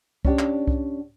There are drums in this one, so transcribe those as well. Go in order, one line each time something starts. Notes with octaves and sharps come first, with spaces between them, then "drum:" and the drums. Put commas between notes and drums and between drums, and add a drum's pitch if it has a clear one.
C#4 D4 G4, drum: kick C2
drum: clap
drum: kick C2